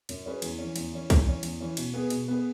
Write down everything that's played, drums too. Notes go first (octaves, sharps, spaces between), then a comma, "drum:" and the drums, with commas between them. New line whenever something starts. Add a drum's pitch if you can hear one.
F#2, drum: cymbal
F#3 C#4 G#4 B4
E2, drum: cymbal
E3 C#4
E2, drum: cymbal
E3 C#4
E2, drum: kick B1, cymbal
E3 C#4
E2, drum: cymbal
E3 C#4
B2, drum: cymbal
B3 G#4 B4
B2, drum: cymbal
B3 G#4 B4